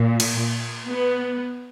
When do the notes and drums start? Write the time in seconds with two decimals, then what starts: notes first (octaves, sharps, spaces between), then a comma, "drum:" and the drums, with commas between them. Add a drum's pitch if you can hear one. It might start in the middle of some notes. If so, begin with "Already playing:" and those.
Already playing: A#2
0.20 drum: cymbal
0.88 B3